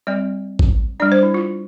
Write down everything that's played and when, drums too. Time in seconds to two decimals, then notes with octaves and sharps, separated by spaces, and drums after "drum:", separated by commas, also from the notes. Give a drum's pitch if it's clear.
0.07 G3 C4 D5
0.59 drum: kick A1
1.00 G3 D4 D5
1.12 C5
1.23 E4
1.34 F4